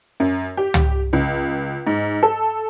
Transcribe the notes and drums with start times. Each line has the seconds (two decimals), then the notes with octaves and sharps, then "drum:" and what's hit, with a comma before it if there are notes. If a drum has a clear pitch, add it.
0.20 F#2
0.57 G4
0.74 drum: tom
1.13 C#2
1.87 G#2
2.23 A4